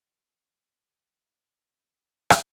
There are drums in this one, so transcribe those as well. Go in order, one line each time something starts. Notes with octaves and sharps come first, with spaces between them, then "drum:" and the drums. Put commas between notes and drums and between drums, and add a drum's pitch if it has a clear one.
F1 D#2 F#4 E6
E2 D#7 F7
G1 G4 D6 D#7
D5 E5 F#5 A#5 B5 D6
C#3 D#4 B5 G6 D#7 G7
drum: rim click